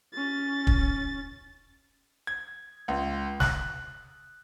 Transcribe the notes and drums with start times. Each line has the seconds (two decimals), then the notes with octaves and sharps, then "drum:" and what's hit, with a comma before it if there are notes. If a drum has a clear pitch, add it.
0.14 C#4 A6
0.67 drum: kick
2.27 G#6
2.88 C#2
3.40 F#6, drum: snare